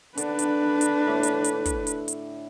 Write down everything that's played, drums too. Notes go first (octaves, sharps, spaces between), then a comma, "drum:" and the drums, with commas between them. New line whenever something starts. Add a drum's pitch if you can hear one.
D3 D4 B4, drum: hi-hat
drum: hi-hat
drum: hi-hat
A2 D6
drum: hi-hat
drum: hi-hat
drum: kick, hi-hat
drum: hi-hat
drum: hi-hat